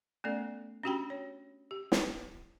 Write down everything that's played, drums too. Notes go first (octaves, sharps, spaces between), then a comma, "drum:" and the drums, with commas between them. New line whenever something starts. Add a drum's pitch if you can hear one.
A3 B3 C#4 A4 D5
C#4 D4 F#4 G4 G5 B5
C#5
G4
drum: snare